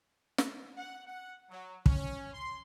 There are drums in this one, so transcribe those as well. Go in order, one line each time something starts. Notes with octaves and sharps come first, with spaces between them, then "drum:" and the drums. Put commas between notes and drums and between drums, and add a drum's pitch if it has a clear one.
drum: snare
F#5
F#5
F#3
C#4, drum: kick
C6